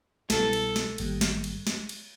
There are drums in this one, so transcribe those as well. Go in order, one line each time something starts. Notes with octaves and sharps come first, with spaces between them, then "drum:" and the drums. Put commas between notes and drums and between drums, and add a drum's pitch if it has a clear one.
C2 B2 G3 B3 E4 A4, drum: snare
drum: cymbal
drum: snare
G#1 G2 D#3 G3 A#3, drum: cymbal
drum: snare
drum: cymbal
drum: snare
drum: cymbal